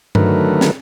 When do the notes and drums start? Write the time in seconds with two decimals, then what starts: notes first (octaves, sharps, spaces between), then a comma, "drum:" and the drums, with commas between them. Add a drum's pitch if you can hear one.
0.15 D3 D#3 F#3 A3 A#4 B4, drum: tom G2
0.61 drum: snare